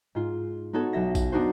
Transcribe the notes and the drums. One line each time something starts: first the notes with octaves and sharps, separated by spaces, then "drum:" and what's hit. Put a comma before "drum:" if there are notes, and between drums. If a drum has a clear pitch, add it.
G#2 F4
B3 D#4 F#4 A4 C#5
B1 E5 A#6
drum: kick A#1, tambourine
B3 D4 D#4 F#4 C5